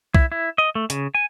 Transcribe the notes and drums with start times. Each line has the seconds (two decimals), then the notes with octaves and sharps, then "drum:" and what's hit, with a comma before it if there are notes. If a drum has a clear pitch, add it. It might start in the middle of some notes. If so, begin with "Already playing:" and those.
0.15 E4, drum: kick
0.32 E4
0.58 D#5
0.75 A3
0.90 C#3, drum: hi-hat
1.15 G#5